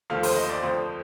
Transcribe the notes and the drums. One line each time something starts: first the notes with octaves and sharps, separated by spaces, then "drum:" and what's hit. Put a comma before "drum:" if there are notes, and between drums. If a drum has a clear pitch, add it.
D#2 D3 F3 A3 F5
C5, drum: open hi-hat
D#5
D5
F2 D3 F3 A3 C5